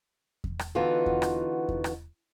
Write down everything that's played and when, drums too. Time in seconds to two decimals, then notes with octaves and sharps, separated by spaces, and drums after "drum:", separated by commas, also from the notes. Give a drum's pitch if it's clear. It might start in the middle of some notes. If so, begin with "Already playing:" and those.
0.44 drum: kick E2
0.59 drum: rim click
0.75 D3 E3 B3 D#4 F4 F#4
1.06 drum: kick E2
1.22 drum: rim click
1.69 drum: kick E2
1.84 drum: rim click